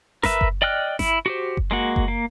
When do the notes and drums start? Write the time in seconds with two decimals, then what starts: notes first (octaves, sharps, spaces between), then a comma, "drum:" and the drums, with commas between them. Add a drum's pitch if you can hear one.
0.23 A#4 B4 E5, drum: snare G1
0.41 drum: kick F#1
0.62 D5 D#5 G5 F6 F#6
0.99 E4, drum: snare G1
1.26 F#4 G4 C5
1.57 drum: kick F#1
1.71 G#3 A#3 F#4
1.96 drum: kick F#1
2.08 A#3